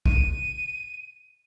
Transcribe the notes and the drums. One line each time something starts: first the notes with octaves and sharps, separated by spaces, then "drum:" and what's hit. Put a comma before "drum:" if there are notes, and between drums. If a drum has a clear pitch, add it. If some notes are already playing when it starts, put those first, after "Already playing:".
D#7, drum: kick